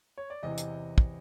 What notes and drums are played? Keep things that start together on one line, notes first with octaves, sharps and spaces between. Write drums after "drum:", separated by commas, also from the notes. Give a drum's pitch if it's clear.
C#5
D5
E2 C3 E3 D#5
drum: hi-hat
drum: kick